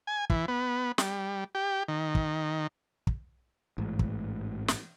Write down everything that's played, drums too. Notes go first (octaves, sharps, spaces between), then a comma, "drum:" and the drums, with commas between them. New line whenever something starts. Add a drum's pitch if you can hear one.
G#5
E3, drum: kick
B3
G3, drum: snare
G4
D#3
drum: kick
drum: kick
A1 G#2
drum: kick
drum: snare